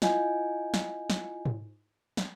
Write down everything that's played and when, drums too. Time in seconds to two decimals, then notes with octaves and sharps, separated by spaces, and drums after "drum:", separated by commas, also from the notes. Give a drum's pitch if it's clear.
0.02 E4 F4 D#5 G#5 G6, drum: snare
0.74 drum: snare
1.10 drum: snare
1.46 drum: tom G#2
2.17 drum: snare